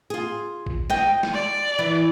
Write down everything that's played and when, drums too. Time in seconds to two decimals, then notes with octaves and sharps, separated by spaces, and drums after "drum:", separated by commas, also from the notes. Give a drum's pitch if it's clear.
0.10 F4 G#4
0.66 drum: kick
0.90 D#5 G5, drum: snare
1.23 drum: snare
1.33 D5
1.79 E3